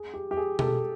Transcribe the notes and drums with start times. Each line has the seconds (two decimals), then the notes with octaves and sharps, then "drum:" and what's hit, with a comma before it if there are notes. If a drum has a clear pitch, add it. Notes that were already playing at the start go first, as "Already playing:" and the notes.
Already playing: G#4
0.14 G4
0.31 G4
0.37 G#4
0.59 G4 A4, drum: tom B2